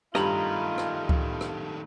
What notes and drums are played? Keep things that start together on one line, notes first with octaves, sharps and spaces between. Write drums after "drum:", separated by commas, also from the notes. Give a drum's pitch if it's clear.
G2 D#3 A3 F4 D#5 A#5 B5, drum: rim click
drum: rim click
drum: kick C#2
drum: rim click